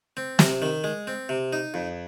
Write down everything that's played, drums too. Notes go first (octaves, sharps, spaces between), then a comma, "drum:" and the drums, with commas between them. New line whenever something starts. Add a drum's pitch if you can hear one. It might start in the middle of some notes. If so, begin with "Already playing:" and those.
C4
C3, drum: snare
D#3
G#3
C4
C3
D#4
F2